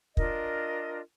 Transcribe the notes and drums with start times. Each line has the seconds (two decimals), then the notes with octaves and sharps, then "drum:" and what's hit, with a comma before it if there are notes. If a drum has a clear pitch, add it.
0.17 D4 F4 A#4 D#5, drum: kick